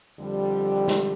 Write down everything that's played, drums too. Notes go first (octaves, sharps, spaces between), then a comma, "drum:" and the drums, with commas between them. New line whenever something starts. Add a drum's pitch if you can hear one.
F2 D3 G3
drum: snare